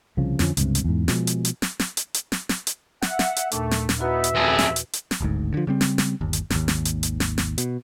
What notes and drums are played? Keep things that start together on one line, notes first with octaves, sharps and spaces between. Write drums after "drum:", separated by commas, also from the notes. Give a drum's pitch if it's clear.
C2 C#3 F3
F2 D3 F3 C#4, drum: snare
C#2 G2 C3, drum: hi-hat
drum: hi-hat
E2 G#2
B2 F3 G#3, drum: snare
drum: hi-hat
drum: hi-hat
drum: snare
drum: snare
drum: hi-hat
drum: hi-hat
drum: snare
drum: snare
drum: hi-hat
E5 F#5, drum: snare
drum: snare
drum: hi-hat
D#2 A#2 A3 D4, drum: hi-hat
drum: snare
drum: snare
B3 D#4 E4 F#4 B4 E5
drum: hi-hat
A1 F2 G#4
drum: snare
drum: hi-hat
drum: hi-hat
drum: snare
D1 G#1 D2 G#2
D3 F3
C#3 G3 C4
drum: snare
drum: snare
G1 D#2
drum: hi-hat
G#1 D#2, drum: snare
drum: snare
drum: hi-hat
drum: hi-hat
drum: snare
drum: snare
B2, drum: hi-hat